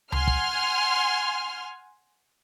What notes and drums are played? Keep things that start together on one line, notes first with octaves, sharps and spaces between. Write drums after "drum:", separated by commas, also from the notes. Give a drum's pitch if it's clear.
F#5 G#5 C6 F6, drum: tom C#2
drum: kick